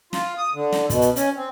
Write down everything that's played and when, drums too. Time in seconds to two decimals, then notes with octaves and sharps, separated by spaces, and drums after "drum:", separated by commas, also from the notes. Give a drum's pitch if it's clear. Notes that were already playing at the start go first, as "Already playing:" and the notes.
0.13 F4, drum: snare
0.37 D#6
0.54 D3
0.72 drum: snare
0.90 B2, drum: kick, hi-hat
1.01 drum: hi-hat
1.16 C#4, drum: hi-hat
1.37 C4